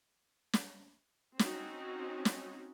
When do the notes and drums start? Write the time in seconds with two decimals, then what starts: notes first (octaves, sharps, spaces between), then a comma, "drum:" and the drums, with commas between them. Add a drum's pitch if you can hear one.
0.53 drum: snare
1.39 C4 C#4 D#4 F#4, drum: snare
2.25 drum: snare